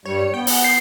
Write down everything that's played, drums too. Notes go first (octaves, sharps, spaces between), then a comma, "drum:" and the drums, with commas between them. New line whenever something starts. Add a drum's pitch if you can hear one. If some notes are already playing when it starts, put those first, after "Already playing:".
G2 G3 C#5
B3 G5
F#5, drum: open hi-hat
G6 C7